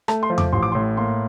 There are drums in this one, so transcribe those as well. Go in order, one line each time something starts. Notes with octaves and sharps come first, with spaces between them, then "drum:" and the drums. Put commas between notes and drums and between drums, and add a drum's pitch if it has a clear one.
A3 A5, drum: rim click
C6
F3
D6, drum: tom E2
A1 C6
D6
C6
A2
A#3 C6